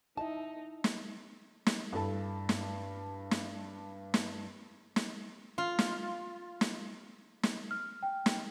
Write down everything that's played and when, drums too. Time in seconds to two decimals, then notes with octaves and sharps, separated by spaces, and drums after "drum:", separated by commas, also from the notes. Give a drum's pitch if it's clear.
0.17 D#4 E4 D#5 E5 A5
0.84 drum: snare
1.66 drum: snare
1.93 G2 E4 A4 A5
2.49 drum: snare
3.31 drum: snare
4.14 drum: snare
4.96 drum: snare
5.58 F4
5.79 drum: snare
6.61 drum: snare
7.43 drum: snare
7.71 F6
8.03 G5
8.26 drum: snare